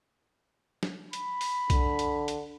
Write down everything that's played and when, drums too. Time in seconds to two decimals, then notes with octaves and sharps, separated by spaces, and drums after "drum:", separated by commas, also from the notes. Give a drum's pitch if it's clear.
0.83 drum: snare
1.13 B5, drum: hi-hat
1.41 drum: open hi-hat
1.70 D3, drum: kick B1, hi-hat
1.99 drum: hi-hat
2.28 drum: hi-hat